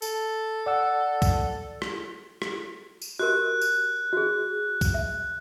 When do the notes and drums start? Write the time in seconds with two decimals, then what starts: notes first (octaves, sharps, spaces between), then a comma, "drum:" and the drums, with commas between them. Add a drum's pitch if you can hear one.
0.02 A4, drum: tambourine
0.66 D5 F#5 E6
1.22 drum: kick, tambourine
1.82 drum: rim click
2.42 drum: rim click
3.02 drum: tambourine
3.19 F#4 G4 A#4 F#6
3.61 drum: tambourine
4.13 F#4 G#4
4.81 drum: kick, tambourine
4.94 E5